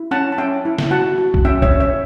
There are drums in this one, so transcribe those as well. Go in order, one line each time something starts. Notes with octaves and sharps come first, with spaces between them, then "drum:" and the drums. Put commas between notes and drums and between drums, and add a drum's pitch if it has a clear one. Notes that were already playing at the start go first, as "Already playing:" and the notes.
Already playing: E4
C#4 F#5 A5
A5
C#4 E5 G5
E4
drum: snare
F#4 F#5 A5
F#4
drum: kick B1
C#4 E5 G5
C#5 E5, drum: kick B1
C#4
C#5 E5